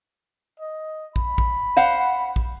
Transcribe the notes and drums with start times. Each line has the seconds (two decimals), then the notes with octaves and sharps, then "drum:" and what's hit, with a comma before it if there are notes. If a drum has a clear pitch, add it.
0.60 D#5
1.16 B5, drum: kick
1.38 drum: kick
1.77 C5 F5 F#5
2.36 drum: kick